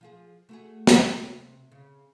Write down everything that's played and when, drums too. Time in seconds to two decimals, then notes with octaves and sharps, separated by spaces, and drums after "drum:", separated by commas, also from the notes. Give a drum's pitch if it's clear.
0.01 F3 F4 G#4
0.49 A3 F#4 G#4
0.87 drum: snare
1.19 C3
1.72 C#3